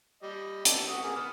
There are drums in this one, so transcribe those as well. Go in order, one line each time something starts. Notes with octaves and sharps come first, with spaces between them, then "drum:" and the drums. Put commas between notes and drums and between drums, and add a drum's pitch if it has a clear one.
G3 D#5
D3 A4, drum: hi-hat
F#4 D#6
A#3 B3 G#4
B3 D#6 F6